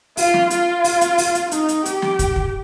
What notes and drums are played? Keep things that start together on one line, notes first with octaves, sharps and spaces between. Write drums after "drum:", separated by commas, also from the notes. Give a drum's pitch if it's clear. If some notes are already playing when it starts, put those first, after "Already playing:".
F4, drum: open hi-hat
drum: snare
F4, drum: hi-hat
drum: open hi-hat
drum: hi-hat
drum: open hi-hat
drum: hi-hat
D#4, drum: hi-hat
drum: hi-hat
G4, drum: hi-hat
drum: snare
drum: kick, hi-hat
drum: kick